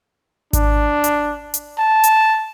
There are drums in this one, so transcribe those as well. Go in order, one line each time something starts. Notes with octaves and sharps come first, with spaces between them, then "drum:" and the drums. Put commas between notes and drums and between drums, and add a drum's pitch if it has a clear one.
D4, drum: kick G#1, hi-hat
drum: hi-hat
drum: hi-hat
A5
drum: hi-hat